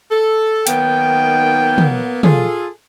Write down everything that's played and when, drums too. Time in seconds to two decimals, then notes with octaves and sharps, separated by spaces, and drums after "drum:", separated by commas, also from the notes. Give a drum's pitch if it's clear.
0.11 A4
0.67 D#3 F#3 A#3 B3 G5, drum: hi-hat
1.78 drum: tom
2.23 F4 G#4 A4, drum: tom